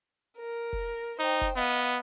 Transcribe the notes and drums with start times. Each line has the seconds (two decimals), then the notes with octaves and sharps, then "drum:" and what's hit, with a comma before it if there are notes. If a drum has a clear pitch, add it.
0.38 A#4
0.73 drum: kick F1
1.19 D#4 C5 G5
1.41 drum: kick F1
1.56 B3 D#5 F5